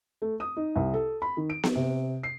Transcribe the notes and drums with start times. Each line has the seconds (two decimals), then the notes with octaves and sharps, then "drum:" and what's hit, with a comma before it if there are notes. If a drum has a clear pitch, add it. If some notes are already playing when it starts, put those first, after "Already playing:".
0.22 A3
0.40 D#6
0.57 D#4
0.76 C2
0.94 A4
1.22 B5
1.37 D#3
1.50 D7
1.63 drum: snare B3
1.75 C3
2.23 C7